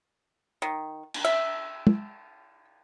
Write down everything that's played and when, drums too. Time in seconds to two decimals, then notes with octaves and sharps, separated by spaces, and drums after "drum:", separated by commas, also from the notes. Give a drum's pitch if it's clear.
0.62 D#3
1.14 drum: cymbal
1.24 E5
1.87 drum: tom